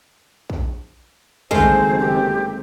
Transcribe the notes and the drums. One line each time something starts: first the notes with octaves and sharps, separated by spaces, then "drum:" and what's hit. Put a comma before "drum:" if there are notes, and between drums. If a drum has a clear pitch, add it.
drum: kick
F#1 D#3 G#3 A3 C4 C5 F5, drum: kick
G4